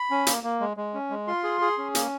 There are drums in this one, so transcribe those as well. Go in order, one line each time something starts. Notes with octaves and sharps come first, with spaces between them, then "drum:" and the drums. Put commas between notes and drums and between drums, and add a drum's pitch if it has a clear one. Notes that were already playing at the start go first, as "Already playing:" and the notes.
Already playing: B5
C#4
A#3, drum: hi-hat
A#3
G#3
G#3
C#4
G#3
F4 C6
G#4
G#4
C#4
A#3, drum: hi-hat